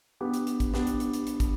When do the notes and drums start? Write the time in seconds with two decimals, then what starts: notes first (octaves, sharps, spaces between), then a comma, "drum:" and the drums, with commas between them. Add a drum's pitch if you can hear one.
0.21 B3 D4 G4
0.34 drum: hi-hat
0.47 drum: hi-hat
0.60 drum: kick, hi-hat
0.74 B3 D4 G4, drum: snare
0.87 drum: hi-hat
1.00 drum: hi-hat
1.13 drum: hi-hat
1.27 drum: hi-hat
1.40 drum: kick, hi-hat